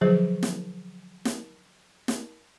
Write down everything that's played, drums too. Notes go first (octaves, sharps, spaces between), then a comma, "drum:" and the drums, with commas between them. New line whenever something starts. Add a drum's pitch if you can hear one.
D3 F3 F#3 G#4 C5
drum: snare
drum: snare
drum: snare